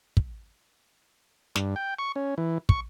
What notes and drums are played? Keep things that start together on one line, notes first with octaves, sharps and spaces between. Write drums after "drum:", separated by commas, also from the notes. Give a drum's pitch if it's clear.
drum: kick
G2, drum: snare
G5
C#6
C#4
E3
C#6, drum: kick